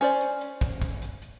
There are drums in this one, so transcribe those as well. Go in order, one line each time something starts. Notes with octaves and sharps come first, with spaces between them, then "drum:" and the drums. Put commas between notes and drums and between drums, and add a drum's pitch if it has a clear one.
C#4 C5 D5
drum: hi-hat
drum: hi-hat
drum: kick, hi-hat
drum: kick, hi-hat
drum: hi-hat
drum: hi-hat